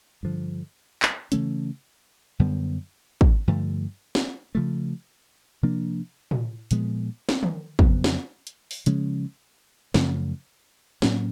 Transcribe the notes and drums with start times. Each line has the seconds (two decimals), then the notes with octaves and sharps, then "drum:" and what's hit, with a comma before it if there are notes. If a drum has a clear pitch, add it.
0.23 G2 D3 F3
1.02 drum: clap
1.32 C#3 E3 A3 C#4, drum: hi-hat
2.39 F#2 D3 G3 B3
3.21 drum: kick
3.48 G2 D3 F3 A3
4.15 drum: snare
4.55 C#3 F3 A3
5.63 C3 F3 A#3 D4
6.31 drum: tom A2
6.71 A#2 F3 G#3 B3, drum: hi-hat
7.29 drum: snare
7.43 drum: tom
7.79 F2 C#3 F#3 B3, drum: kick
8.04 drum: snare
8.47 drum: hi-hat
8.71 drum: open hi-hat
8.86 C#3 F3 G#3 C#4, drum: hi-hat
9.94 F#2 C#3 F3 A3, drum: snare
11.02 A2 F#3 A#3 C#4, drum: snare